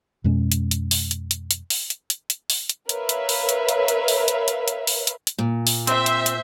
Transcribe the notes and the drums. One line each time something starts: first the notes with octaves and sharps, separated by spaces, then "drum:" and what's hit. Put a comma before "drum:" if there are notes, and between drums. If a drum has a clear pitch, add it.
F2 B2 G#3 C#4
drum: hi-hat
drum: hi-hat
drum: open hi-hat
drum: hi-hat
drum: hi-hat
drum: hi-hat
drum: open hi-hat
drum: hi-hat
drum: hi-hat
drum: hi-hat
drum: open hi-hat
drum: hi-hat
A#4 B4 C#5 E5 F5, drum: hi-hat
drum: hi-hat
drum: open hi-hat
drum: hi-hat
drum: hi-hat
drum: hi-hat
drum: open hi-hat
drum: hi-hat
drum: hi-hat
drum: hi-hat
drum: open hi-hat
drum: hi-hat
drum: hi-hat
A#2
drum: open hi-hat
C4 C5 E5, drum: hi-hat
drum: hi-hat
drum: hi-hat